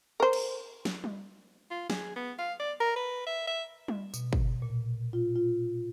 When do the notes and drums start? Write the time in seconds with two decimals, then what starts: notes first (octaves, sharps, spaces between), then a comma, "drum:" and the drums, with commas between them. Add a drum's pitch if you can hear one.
0.20 A#4 C5
0.33 drum: cymbal
0.85 drum: snare
1.04 drum: tom G3
1.70 F4
1.90 G#4, drum: snare
2.16 B3
2.39 F5
2.60 D5
2.80 A#4
2.96 B4
3.27 E5
3.47 E5
3.88 drum: tom G3
4.14 B2, drum: tambourine
4.33 drum: kick
4.62 A#2
5.13 F4
5.36 F4